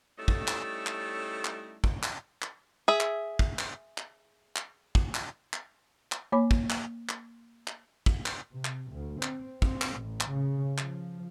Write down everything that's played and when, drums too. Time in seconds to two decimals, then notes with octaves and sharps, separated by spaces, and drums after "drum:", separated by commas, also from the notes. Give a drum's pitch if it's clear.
0.18 G3 A3 C#4 D#4 E4 A4
0.28 drum: kick
0.47 drum: clap
0.86 drum: clap
1.45 drum: clap
1.84 drum: kick
2.03 drum: clap
2.42 drum: clap
2.88 G#4 E5
3.00 drum: clap
3.39 drum: kick
3.59 drum: clap
3.98 drum: clap
4.56 drum: clap
4.95 drum: kick
5.14 drum: clap
5.53 drum: clap
6.12 drum: clap
6.32 A#3 C#5 B5 D6
6.51 drum: kick
6.70 drum: clap
7.09 drum: clap
7.67 drum: clap
8.06 drum: kick
8.26 drum: clap
8.56 C3
8.65 drum: clap
8.92 D2
9.23 C4, drum: clap
9.62 C4, drum: kick
9.81 drum: clap
9.94 A1
10.20 drum: clap
10.30 C#3
10.78 F3, drum: clap